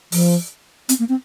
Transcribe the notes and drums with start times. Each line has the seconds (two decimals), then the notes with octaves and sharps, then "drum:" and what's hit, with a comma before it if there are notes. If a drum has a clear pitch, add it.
0.12 F3, drum: open hi-hat
0.89 C4, drum: hi-hat
0.99 A#3
1.09 C4